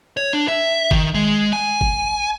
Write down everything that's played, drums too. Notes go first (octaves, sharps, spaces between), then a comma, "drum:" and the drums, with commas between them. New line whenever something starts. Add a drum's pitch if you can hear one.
C#5
D4
E5
D#3, drum: kick G1
G#3
G#5
drum: kick G1